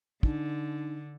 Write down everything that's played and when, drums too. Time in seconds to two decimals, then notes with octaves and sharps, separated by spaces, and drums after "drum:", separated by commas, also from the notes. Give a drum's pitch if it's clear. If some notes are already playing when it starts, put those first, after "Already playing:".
0.23 D3 D4 D#4, drum: kick